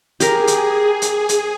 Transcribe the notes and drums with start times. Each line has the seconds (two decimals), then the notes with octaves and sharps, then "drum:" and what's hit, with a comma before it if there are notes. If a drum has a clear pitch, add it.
0.20 G4 G#4 A#4, drum: hi-hat
0.47 drum: hi-hat
1.02 drum: hi-hat
1.29 drum: hi-hat